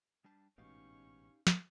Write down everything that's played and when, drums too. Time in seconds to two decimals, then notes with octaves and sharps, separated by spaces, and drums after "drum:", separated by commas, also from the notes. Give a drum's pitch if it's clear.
0.24 G3 D4 A5
0.58 A1 G#2 B2 C#4 D#4 G4 F5 C#6
1.47 drum: snare